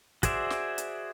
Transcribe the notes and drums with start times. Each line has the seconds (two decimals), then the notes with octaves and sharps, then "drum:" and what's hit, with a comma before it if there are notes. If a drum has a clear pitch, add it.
0.23 F#4 G#4 C5 D5 E5, drum: kick, hi-hat
0.50 drum: snare
0.78 drum: hi-hat